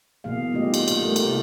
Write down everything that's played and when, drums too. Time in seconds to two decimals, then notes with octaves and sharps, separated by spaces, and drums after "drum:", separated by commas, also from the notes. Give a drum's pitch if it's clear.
0.24 B2 E3 A#3 G#4 F5
0.52 G3 A3 D#4 F4 G4 D#5
0.74 drum: cymbal
0.88 A#3, drum: cymbal
1.02 A3 G4 A4 A#4
1.16 drum: cymbal
1.25 C3 E4 E5